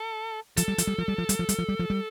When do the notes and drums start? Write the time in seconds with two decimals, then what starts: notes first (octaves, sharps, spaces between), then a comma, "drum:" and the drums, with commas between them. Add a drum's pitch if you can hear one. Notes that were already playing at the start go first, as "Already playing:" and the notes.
Already playing: A4
0.57 F3 A4, drum: hi-hat
0.68 G3
0.78 F3, drum: hi-hat
0.87 G3
0.98 F3
1.08 G3
1.18 F3
1.29 G3, drum: hi-hat
1.39 F3
1.49 G3, drum: hi-hat
1.59 F3
1.69 G3
1.79 F3
1.90 G3